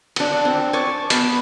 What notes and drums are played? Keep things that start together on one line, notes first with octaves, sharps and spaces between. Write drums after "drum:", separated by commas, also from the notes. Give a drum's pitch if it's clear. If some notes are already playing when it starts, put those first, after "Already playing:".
D4 F#5, drum: cymbal
C4
G#5 A5 C#6 D6
B3 F5, drum: hi-hat